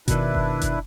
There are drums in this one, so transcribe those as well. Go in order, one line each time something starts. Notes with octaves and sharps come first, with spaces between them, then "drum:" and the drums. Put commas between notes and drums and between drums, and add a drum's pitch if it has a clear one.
B2 D#3 D4 E4 B4, drum: kick F#1, hi-hat
drum: kick F#1
drum: kick F#1, hi-hat